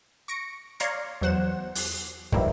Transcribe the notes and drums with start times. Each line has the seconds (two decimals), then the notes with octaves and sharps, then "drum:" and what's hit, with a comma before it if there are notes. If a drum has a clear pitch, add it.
0.28 C#6 A#6 C#7 D7
0.80 C#5 D5 F5 A#5 C6 C#6, drum: hi-hat
1.21 E2 F#3 C5 F#5 E7
1.75 F#6, drum: open hi-hat
2.32 G2 D#3 F3 G3 A#3 E4, drum: kick